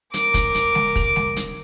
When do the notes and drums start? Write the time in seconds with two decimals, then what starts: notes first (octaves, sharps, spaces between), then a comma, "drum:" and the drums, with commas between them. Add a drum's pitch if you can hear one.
0.14 A#4 D6, drum: hi-hat
0.34 drum: kick, hi-hat
0.55 drum: hi-hat
0.75 drum: snare G#3
0.96 drum: kick, open hi-hat
1.16 drum: snare G#3
1.36 drum: hi-hat